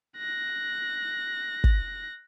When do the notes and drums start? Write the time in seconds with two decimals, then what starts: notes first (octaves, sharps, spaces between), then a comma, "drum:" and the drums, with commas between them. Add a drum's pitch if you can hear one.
0.18 F#6 A#6
1.64 drum: kick